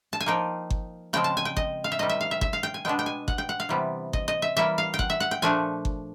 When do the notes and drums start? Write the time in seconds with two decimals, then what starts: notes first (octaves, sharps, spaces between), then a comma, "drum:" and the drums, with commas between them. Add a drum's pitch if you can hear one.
0.13 A5
0.20 G#5
0.26 F3 A#3 D#4 G5
0.70 drum: kick G1
1.13 C#3 F3 G#3 C4 G5
1.24 A5
1.37 G#5
1.45 G5
1.57 D#5, drum: kick G1
1.84 F5
1.92 E5
1.99 C3 D#3 G3 D#5
2.09 E5
2.21 F5
2.31 E5
2.41 E5, drum: kick G1
2.53 F5
2.63 G5
2.74 G#5
2.85 B2 G#3 B3 D4 G5
2.99 G5
3.06 G#5
3.28 F#5, drum: kick G1
3.38 G5
3.49 F#5
3.60 F5
3.69 C3 E3 G3 B3
4.13 D#5, drum: kick G1
4.28 D#5
4.42 E5
4.56 E3 G3 A#3 C#4 E5
4.78 F5
4.94 G5
4.99 F#5, drum: kick G1
5.10 E5
5.20 F#5
5.31 G5
5.42 A#2 F3 A3 D4 G#5
5.85 drum: kick G1